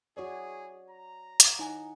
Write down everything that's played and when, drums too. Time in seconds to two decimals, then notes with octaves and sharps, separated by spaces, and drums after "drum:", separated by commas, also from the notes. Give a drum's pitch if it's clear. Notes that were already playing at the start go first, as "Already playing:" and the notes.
0.17 E4 F#4 G#4 C#5 D5
0.89 A#5
1.40 drum: hi-hat
1.59 D#4 E4 C#5 F#5 G#5